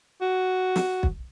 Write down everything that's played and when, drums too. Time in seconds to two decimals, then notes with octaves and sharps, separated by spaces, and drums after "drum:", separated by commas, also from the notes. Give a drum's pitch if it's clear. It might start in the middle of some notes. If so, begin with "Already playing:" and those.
0.21 F#4
0.76 drum: snare
1.03 drum: kick